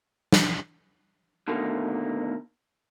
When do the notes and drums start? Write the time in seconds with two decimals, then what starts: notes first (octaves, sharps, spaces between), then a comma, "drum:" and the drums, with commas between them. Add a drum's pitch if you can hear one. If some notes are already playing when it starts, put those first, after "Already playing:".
0.33 drum: snare
1.48 B2 D3 D#3 A3 A#3